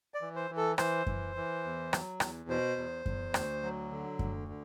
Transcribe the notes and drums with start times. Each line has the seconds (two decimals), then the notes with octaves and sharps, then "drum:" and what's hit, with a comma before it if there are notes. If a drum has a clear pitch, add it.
0.14 D5
0.22 E3
0.36 C5
0.50 E3
0.57 A4
0.78 E3 C5, drum: rim click
1.07 E3, drum: kick F#2
1.36 E3
1.64 E2
1.93 F#3, drum: rim click
2.20 E2, drum: rim click
2.48 B2 C5
2.77 E2
3.06 E2, drum: kick F#2
3.34 D2, drum: rim click
3.63 F#3
3.91 D3
4.19 D2, drum: kick F#2
4.48 D3